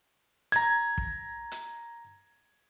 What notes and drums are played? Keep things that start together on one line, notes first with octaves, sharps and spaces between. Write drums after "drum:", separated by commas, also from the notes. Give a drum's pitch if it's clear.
A#5 G#6, drum: hi-hat
drum: kick
drum: hi-hat